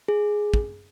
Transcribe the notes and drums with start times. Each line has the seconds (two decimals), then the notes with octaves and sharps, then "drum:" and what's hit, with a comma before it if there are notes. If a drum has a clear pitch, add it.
0.08 G#4
0.54 drum: kick